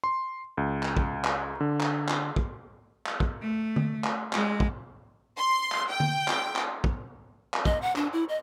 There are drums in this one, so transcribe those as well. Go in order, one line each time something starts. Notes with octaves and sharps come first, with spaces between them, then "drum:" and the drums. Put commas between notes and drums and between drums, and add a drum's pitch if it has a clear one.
C6
C#2
drum: clap
drum: kick
drum: clap
D3
drum: clap
drum: clap
drum: kick
drum: clap
drum: kick
A3
drum: tom D3
drum: clap
G#3, drum: clap
drum: kick
C6
drum: clap
G5
drum: tom D3
drum: clap
drum: clap
drum: kick
drum: clap
D#5, drum: kick
F#5
D4, drum: clap
E4
D#5